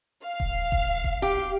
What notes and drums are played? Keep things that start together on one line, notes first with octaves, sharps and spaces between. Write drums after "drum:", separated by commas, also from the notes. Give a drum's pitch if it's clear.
F5
drum: kick D#1
drum: kick D#1
drum: kick D#1
G4